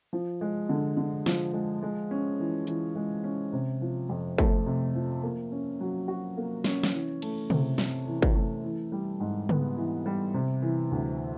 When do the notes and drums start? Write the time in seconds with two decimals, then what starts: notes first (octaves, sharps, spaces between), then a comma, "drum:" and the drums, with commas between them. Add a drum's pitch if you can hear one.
0.13 F3
0.41 G#3
0.69 D3
0.97 D3
1.26 F3, drum: snare
1.53 G#3
1.83 G#3
2.11 C#4
2.39 E3
2.67 E3, drum: hi-hat
2.95 G#3
3.24 C#4
3.53 C3
3.81 F3
4.09 F2
4.38 A3, drum: kick
4.66 C3
4.95 F3
5.23 A#3
5.52 C#4
5.80 F#3
6.08 F#4
6.37 A#3
6.64 C#4, drum: snare
6.83 drum: snare
6.93 E3
7.22 A3, drum: cymbal
7.50 C3, drum: tom C#3
7.78 C3, drum: snare
8.07 E3
8.22 drum: kick
8.35 A3
8.64 E3
8.92 G3
9.20 G#2
9.49 B3, drum: tom C#3
9.77 E3
10.06 G3
10.34 C3
10.62 E3
10.91 D2